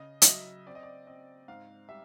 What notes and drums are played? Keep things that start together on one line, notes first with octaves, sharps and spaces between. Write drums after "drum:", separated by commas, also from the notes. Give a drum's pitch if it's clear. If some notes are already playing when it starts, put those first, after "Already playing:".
Already playing: C#3 D#5
E5, drum: hi-hat
F#3 D#5
C4 D5
D#5
D5
C4 D#5
G#2 F5
G3 E5